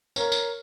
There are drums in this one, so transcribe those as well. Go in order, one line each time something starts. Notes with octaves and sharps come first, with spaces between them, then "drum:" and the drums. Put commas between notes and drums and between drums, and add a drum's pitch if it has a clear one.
A#4 C#5, drum: tambourine
drum: tambourine